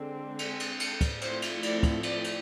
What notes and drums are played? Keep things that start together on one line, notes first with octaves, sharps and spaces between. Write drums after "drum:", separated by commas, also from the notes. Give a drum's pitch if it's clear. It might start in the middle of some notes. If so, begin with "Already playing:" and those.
Already playing: D3 G#3 C4
G#4, drum: cymbal
drum: cymbal
A4, drum: cymbal
drum: kick, cymbal
F3 A3 C4 E4 C5, drum: cymbal
drum: cymbal
D5, drum: cymbal
drum: kick, cymbal
D5, drum: cymbal
drum: cymbal